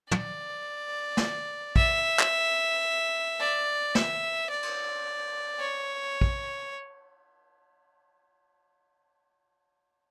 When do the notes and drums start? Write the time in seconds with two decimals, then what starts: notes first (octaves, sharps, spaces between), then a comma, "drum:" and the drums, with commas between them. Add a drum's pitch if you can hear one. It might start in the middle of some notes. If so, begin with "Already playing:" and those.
0.11 D5, drum: tom
1.17 drum: snare
1.76 E5, drum: kick
2.19 drum: clap
3.40 D5
3.95 E5, drum: snare
4.50 D5
4.63 drum: cymbal
5.59 C#5
6.21 drum: kick